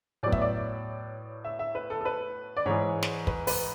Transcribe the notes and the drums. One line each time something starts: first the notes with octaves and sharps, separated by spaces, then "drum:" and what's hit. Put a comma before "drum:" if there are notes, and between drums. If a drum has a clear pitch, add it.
A2 F#3 B3 D5
E5, drum: kick
D5
E5
E5
B4
A4
A4
B4
D5
G#2 E3 G#3 C#5
drum: snare
B4, drum: kick
B4, drum: open hi-hat